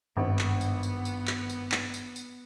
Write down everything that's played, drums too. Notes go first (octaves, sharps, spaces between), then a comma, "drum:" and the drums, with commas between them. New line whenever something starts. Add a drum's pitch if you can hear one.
G#1 G2 B3
drum: clap
drum: tambourine
drum: tambourine
drum: tambourine
drum: clap
drum: tambourine
drum: clap
drum: tambourine
drum: tambourine